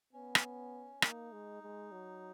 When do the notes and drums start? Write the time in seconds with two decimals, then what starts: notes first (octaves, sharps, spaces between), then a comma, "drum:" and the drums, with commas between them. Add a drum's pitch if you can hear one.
0.13 B3 C#4
0.35 drum: rim click
1.02 A#3 D#4, drum: rim click
1.32 G#3
1.63 G#3
1.92 F#3